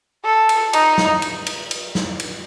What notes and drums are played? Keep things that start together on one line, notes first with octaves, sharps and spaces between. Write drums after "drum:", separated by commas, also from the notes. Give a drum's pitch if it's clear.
A4
drum: cymbal
D#4, drum: cymbal
drum: snare
drum: cymbal
drum: cymbal
drum: cymbal
drum: snare
drum: cymbal